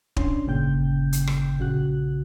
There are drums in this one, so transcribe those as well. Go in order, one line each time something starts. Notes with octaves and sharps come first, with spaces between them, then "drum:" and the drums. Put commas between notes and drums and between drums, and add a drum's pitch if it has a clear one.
C#4 D4 C6, drum: kick
G1 A#2 C#3 G5 G6
drum: hi-hat
drum: rim click
A#1 C#3 F#4 F#6